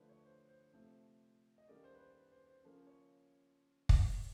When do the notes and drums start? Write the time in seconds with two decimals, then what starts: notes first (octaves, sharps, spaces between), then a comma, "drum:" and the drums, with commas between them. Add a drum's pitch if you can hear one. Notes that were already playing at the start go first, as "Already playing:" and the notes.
Already playing: D3 F3 A3 B4 C5
0.09 C#5
0.25 C5
0.49 C5
0.72 C3 F3 A3 C5
1.58 D#5
1.68 D#3 G3 A#3 C#4 D5
1.84 C5
1.95 B4
2.00 C5
2.15 B4
2.32 C5
2.47 C5
2.63 C#3 F3 A#3 C#4
2.87 C#5
3.89 drum: kick